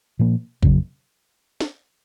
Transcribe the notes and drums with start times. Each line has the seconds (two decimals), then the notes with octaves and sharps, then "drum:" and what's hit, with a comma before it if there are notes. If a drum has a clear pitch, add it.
0.19 A#2 F3 A#3
0.63 F2 C#3 F#3, drum: kick A1
1.60 drum: snare